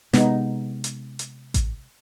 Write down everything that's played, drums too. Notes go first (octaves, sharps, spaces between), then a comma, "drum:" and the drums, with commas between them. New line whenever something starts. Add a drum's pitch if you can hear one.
C3 G#3 B3 D#4, drum: snare
drum: hi-hat
drum: hi-hat
drum: kick A1, hi-hat